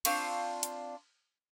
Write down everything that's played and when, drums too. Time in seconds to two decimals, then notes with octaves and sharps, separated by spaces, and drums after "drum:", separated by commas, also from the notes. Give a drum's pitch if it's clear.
0.05 C4 D4 F4 C#6, drum: cymbal
0.63 drum: hi-hat